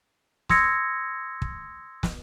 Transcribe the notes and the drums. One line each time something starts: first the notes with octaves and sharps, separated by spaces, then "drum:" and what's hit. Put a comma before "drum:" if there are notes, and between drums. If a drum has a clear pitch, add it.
C6 D#6 E6 G#6 A#6 C#7, drum: snare
drum: kick
drum: snare